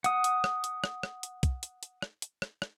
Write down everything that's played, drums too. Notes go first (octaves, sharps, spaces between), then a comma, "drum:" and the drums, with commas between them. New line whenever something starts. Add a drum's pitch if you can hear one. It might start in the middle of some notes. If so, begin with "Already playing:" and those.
F#5 D#6, drum: hi-hat
drum: hi-hat
drum: rim click
drum: hi-hat
drum: rim click
drum: rim click
drum: hi-hat
drum: kick, hi-hat
drum: hi-hat
drum: hi-hat
drum: rim click
drum: hi-hat
drum: rim click
drum: rim click